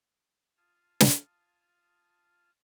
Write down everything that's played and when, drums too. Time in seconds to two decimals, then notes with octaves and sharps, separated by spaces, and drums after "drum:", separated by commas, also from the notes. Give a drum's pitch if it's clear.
0.57 F4 F5 A5 D#6 F6 G#6
1.00 drum: snare